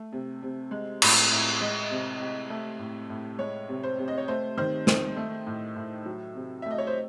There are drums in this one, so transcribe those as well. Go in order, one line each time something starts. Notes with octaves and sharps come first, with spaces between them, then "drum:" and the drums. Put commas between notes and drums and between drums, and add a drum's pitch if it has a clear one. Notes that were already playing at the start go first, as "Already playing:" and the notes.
Already playing: A3
C3
C3
G#3
A2, drum: cymbal
A2
G#3 D#5
C3
C3
A3
A2
A2
G#3 C#5
C3
C5
C3
D#5
C#5
A3 C5
D#3 C5
D#3 C5, drum: snare
A3
A2
A2
F#3
C3
E5
A3 D#5
C#5
C5